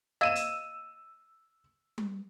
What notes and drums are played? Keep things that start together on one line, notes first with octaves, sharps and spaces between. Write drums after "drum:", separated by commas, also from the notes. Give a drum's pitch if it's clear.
D#5 F5 E6 G#6 D#7 E7
drum: hi-hat
drum: tom G3